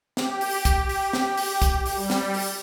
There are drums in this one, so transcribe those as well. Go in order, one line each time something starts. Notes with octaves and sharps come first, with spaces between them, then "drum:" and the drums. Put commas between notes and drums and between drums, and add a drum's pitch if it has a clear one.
G4, drum: snare
drum: open hi-hat
drum: kick, hi-hat
drum: open hi-hat
drum: snare
drum: open hi-hat
drum: kick, hi-hat
drum: open hi-hat
G3
drum: snare
drum: open hi-hat